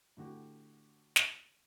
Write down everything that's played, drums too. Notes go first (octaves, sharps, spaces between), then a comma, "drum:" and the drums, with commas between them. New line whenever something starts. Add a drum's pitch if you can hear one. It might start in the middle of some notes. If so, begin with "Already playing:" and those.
A2 D3 F#4 G4
drum: snare